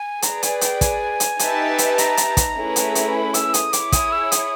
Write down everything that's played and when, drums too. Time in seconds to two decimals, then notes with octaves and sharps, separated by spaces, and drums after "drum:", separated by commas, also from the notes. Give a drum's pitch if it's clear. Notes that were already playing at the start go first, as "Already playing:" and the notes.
Already playing: G#5
0.22 G#4 B4 D5 A#5, drum: hi-hat
0.43 G#5, drum: hi-hat
0.61 G5, drum: hi-hat
0.81 G#5, drum: kick, hi-hat
1.20 drum: hi-hat
1.39 D#4 G4 B4 E5 A5, drum: hi-hat
1.78 drum: hi-hat
1.98 A#5, drum: hi-hat
2.17 drum: hi-hat
2.37 drum: kick, hi-hat
2.57 A3 C#4 E4 G#4 B4
2.76 drum: hi-hat
2.95 drum: hi-hat
3.14 B5
3.34 E6, drum: hi-hat
3.54 D#6, drum: hi-hat
3.73 E4 G#4 C#5 D6, drum: hi-hat
3.92 D#6, drum: kick, hi-hat
4.12 E6
4.32 D#6, drum: hi-hat